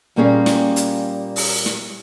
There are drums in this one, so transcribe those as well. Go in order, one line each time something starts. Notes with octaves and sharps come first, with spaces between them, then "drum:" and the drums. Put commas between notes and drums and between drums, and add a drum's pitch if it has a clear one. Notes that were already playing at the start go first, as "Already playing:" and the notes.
A#2 G3 A#3 C#4 G#4 F5
drum: snare
drum: hi-hat
drum: open hi-hat
drum: snare